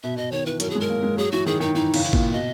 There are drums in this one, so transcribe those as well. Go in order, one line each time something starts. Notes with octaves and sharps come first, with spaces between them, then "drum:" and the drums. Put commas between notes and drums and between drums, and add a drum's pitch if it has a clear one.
B2 E5
B2 D#5
D#3 C#5
E3 B4
F#3 A#4, drum: hi-hat
G#4
G#3 A#4
A#3
G#3
F#3 G#4
E3 F#4
D#3 G#4
D#3 D#4
E3 D#4
C#3, drum: cymbal
E4
A#2, drum: kick G#1
B2 D#5